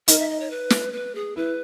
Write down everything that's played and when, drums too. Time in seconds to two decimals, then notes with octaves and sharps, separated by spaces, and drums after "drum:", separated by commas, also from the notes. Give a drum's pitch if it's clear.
0.08 D#4 A#4, drum: hi-hat
0.19 E5
0.29 D#5
0.40 C#5
0.50 B4
0.70 drum: snare
0.93 B4
1.15 G#4
1.36 E4 B4